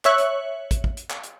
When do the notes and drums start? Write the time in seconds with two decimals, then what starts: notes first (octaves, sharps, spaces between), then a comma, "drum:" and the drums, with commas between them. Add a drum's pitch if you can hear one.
0.05 C#5 E5 C#6 F#6, drum: clap
0.18 drum: hi-hat
0.71 drum: kick, hi-hat
0.84 drum: kick
0.97 drum: hi-hat
1.10 drum: clap
1.23 drum: hi-hat